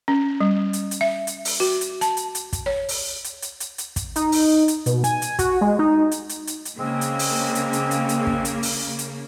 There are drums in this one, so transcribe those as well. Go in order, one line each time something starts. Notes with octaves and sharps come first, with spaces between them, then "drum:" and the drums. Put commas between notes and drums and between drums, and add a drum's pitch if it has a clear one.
C#4
G3
drum: hi-hat
drum: hi-hat
E5
drum: hi-hat
drum: open hi-hat
F#4
drum: hi-hat
A5, drum: hi-hat
drum: hi-hat
drum: hi-hat
drum: kick, hi-hat
C#5
drum: open hi-hat
drum: hi-hat
drum: hi-hat
drum: hi-hat
drum: hi-hat
drum: kick, hi-hat
D#4, drum: hi-hat
drum: open hi-hat
drum: hi-hat
B2, drum: hi-hat
G#5, drum: hi-hat
drum: hi-hat
F#4, drum: kick, hi-hat
G#3
D#4
drum: hi-hat
drum: hi-hat
drum: hi-hat
drum: hi-hat
C#3 G#3 A#3 C4
drum: hi-hat
drum: open hi-hat
drum: hi-hat
drum: hi-hat
drum: hi-hat
drum: hi-hat
drum: kick
drum: hi-hat
drum: open hi-hat
drum: hi-hat